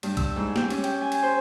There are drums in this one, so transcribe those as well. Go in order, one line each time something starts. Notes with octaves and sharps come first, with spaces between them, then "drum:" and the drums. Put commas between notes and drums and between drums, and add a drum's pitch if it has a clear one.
G2, drum: cymbal
E6, drum: kick, cymbal
G#2
G4, drum: snare
C#4, drum: cymbal
G5, drum: cymbal
G#5
drum: cymbal
C5